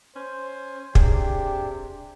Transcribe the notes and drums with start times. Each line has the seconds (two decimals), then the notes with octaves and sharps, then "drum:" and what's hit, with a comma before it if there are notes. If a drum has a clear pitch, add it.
0.16 C#4 C5
0.95 C3 D4 G4 G#4, drum: kick